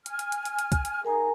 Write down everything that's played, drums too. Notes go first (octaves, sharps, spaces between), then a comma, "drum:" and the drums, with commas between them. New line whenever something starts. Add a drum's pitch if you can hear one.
G#5 F6, drum: hi-hat
drum: hi-hat
drum: hi-hat
drum: hi-hat
drum: hi-hat
drum: kick C2, hi-hat
drum: hi-hat
D#4 G#4 A#4 G#5 A#5